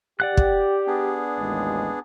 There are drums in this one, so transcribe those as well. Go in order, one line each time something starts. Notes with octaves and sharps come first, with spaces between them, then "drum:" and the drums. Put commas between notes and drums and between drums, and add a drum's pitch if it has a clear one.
G4 D5 F#5 F#6
drum: kick
B3 D4 G#4
A1 D#2 G#3